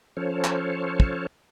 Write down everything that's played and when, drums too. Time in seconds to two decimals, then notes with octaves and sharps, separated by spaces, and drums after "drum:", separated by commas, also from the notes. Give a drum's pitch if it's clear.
0.17 F3 C#4 A4 C5 C#5
0.44 drum: clap
1.00 drum: kick